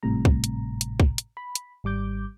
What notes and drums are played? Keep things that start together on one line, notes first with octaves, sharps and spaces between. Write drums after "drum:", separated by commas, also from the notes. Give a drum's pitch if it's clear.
G#1 A2 C3 G3 A#5
drum: kick C2
drum: hi-hat
drum: hi-hat
drum: kick C2
drum: hi-hat
B5
drum: hi-hat
G#1 G3 D6 G6